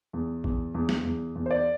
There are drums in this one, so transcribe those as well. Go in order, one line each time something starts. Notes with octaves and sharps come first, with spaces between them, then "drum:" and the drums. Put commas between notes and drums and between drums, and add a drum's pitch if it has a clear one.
E2
E2, drum: kick A#1
E2
drum: snare
E2
E2
C5
D5